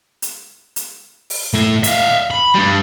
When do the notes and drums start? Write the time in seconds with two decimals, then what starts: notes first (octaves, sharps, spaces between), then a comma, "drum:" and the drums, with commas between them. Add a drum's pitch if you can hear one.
0.22 drum: hi-hat
0.76 drum: hi-hat
1.30 drum: open hi-hat
1.54 A2 E5
1.84 E5 F5, drum: hi-hat
2.31 B5
2.54 G2 G3